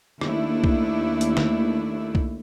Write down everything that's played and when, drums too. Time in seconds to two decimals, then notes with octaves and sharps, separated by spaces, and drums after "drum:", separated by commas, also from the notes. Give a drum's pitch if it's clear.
0.21 D#2 A3 D4 E4, drum: rim click
0.64 drum: kick B1
1.21 drum: hi-hat
1.37 drum: snare
2.15 drum: kick B1